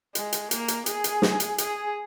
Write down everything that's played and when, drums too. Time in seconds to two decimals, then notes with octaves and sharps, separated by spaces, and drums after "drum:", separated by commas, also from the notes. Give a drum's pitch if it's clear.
0.15 G#3, drum: hi-hat
0.33 drum: hi-hat
0.51 A#3, drum: hi-hat
0.68 drum: hi-hat
0.86 G#4, drum: hi-hat
1.04 drum: hi-hat
1.22 drum: snare
1.40 drum: hi-hat
1.58 G#4, drum: hi-hat